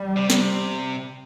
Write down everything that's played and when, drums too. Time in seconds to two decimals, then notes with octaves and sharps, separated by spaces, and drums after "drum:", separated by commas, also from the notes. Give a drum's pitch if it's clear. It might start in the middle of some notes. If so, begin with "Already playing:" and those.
Already playing: G3
0.17 C3
0.30 drum: snare